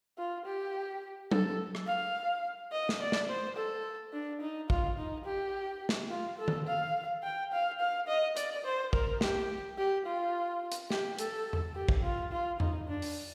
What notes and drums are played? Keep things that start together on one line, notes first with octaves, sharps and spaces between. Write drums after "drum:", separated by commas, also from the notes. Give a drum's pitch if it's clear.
F4
G4
A4, drum: tom F#3
drum: rim click
F5
D#5
drum: snare
D5
drum: snare
C5
A4
D4
D#4
F4, drum: kick
D#4
G4
drum: snare
F4
A4
drum: tom D#3
F5
G5
F5
F5
D#5
D5, drum: hi-hat
C5
A#4, drum: kick
G4, drum: snare
G4
F4
drum: hi-hat
G4, drum: snare
A4, drum: hi-hat
drum: tom E2
G4
drum: kick
F4
F4
D#4, drum: tom E2
D4
drum: open hi-hat